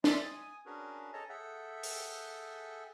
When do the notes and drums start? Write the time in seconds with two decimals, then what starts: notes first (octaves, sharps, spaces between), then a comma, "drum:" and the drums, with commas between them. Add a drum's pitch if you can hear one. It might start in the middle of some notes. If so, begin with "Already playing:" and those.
0.04 G#3 C4 D5 E5 C6, drum: snare
0.23 G#5 D#6
0.66 C#4 D4 F#4 G#4 A#4 B4
1.13 G#4 A4 C#5 D#5 A5 A#5
1.29 G#4 A4 E5 F#5 G5
1.83 drum: open hi-hat